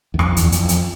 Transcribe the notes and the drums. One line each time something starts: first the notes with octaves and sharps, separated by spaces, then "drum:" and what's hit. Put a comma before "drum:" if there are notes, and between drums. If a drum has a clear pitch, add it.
E2
F2, drum: rim click
E2, drum: hi-hat
F2, drum: hi-hat
drum: hi-hat